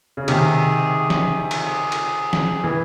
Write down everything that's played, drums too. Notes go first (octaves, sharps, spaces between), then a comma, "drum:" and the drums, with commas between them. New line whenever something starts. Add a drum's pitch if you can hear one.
C#3
C3 D#3 G#4, drum: cymbal
G#4, drum: snare
drum: cymbal
drum: cymbal
drum: snare
E3